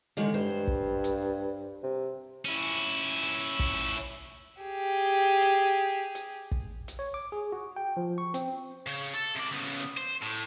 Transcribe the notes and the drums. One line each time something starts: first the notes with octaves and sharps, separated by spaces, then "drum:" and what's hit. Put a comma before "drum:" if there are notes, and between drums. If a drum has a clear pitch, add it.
D3 D#3 G#3
G2 C5
drum: kick
drum: hi-hat
C3
C#4 E4
drum: hi-hat
drum: kick
drum: hi-hat
G4 G#4
drum: hi-hat
drum: hi-hat
drum: kick
drum: hi-hat
C#5
D6
G#4
F#4
G5
F3
C#6
C4, drum: hi-hat
C#3
A4
C3 D5
C#3 B3
drum: hi-hat
C5
A2